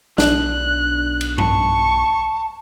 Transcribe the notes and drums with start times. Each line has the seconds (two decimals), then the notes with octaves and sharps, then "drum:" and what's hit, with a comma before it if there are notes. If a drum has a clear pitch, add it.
0.18 B1 D4 F#6, drum: snare
1.21 drum: cymbal
1.38 A5 C#6, drum: tom G2